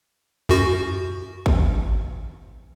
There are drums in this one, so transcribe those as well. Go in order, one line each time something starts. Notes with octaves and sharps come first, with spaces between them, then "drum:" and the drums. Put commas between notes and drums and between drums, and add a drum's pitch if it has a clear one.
F#2 F#4
drum: kick